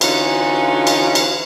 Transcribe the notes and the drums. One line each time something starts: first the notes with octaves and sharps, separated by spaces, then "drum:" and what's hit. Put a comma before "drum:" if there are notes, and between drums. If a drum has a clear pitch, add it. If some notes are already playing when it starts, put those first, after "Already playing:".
D3 E3 C#4 D#4 F4 F#4, drum: cymbal
drum: cymbal
drum: cymbal